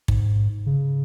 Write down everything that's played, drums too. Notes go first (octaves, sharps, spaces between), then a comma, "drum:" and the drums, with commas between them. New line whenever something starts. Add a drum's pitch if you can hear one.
G#2, drum: kick
C#3